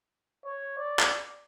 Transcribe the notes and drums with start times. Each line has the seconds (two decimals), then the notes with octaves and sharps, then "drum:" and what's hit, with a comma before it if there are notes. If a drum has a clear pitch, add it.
0.45 C#5
0.78 D5
0.99 drum: clap